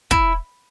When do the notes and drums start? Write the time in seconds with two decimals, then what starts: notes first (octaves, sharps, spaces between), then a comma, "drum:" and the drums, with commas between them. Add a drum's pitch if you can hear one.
0.11 E4, drum: kick